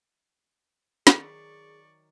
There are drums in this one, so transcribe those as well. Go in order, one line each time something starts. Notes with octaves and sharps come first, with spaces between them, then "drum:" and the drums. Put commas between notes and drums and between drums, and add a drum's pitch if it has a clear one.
D#3 F#3 G#4 D5 C#6, drum: snare